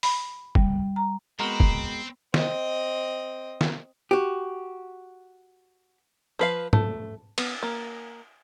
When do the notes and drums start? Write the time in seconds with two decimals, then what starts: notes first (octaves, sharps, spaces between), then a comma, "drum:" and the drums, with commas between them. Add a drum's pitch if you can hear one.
0.03 B5, drum: open hi-hat
0.55 G3, drum: kick
0.96 A#5
1.39 G#3 B3 C4 F#4 A#4 A#5 B5
1.60 drum: kick
2.34 C4 D#5, drum: snare
3.61 drum: snare
4.11 F#4 G4
6.39 F3 B4 F5
6.73 A3, drum: tom G#2
7.38 B3, drum: cymbal
7.63 A#3